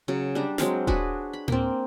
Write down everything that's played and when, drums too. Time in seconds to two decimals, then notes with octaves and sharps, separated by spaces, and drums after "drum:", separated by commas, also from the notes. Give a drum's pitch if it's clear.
0.08 C#3 F#3
0.35 G3 D4 A#5
0.58 F#3 G#3 C4 F5, drum: snare
0.87 D4 F#4 G#4 B4, drum: kick D#1
1.33 B5
1.48 A#3 C4, drum: tom A2